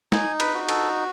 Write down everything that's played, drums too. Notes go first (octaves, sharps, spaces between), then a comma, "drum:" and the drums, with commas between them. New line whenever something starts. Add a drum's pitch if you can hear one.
D#4 G#5, drum: snare
B4, drum: cymbal
F#4
A4, drum: cymbal